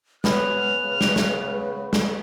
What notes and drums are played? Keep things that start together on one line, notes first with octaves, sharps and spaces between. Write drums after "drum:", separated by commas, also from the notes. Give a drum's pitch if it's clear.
F#3 B3 B4 G#5 F6, drum: snare
C#3
drum: snare
drum: snare
drum: snare